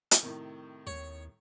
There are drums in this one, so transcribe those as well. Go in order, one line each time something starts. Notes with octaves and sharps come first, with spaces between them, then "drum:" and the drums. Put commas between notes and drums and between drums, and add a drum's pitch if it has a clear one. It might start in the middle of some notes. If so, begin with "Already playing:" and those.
drum: hi-hat
A2 C3 D#3
D#2 C#5